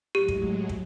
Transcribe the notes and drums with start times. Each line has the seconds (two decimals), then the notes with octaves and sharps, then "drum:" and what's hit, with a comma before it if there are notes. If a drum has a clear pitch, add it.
0.15 A2 F#3 G#3 G4
0.28 drum: kick
0.69 drum: kick